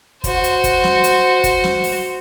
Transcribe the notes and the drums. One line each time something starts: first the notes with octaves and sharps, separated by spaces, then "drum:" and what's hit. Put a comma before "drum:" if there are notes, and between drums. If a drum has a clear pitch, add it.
F#4 C5, drum: kick, hi-hat
drum: hi-hat
drum: kick, hi-hat
drum: snare
drum: hi-hat
drum: kick, hi-hat
drum: snare
drum: open hi-hat